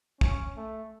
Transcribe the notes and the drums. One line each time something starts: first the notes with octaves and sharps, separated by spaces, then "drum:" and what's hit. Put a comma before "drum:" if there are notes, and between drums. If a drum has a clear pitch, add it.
C#4, drum: kick
A3